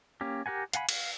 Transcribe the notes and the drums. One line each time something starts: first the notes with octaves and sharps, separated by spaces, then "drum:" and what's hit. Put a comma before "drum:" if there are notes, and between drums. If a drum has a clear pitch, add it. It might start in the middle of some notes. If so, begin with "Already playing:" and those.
A#3 C#4 G4
G4 A#4 F#5 G#5
F5 F#5 G#5 B5, drum: hi-hat
F5, drum: cymbal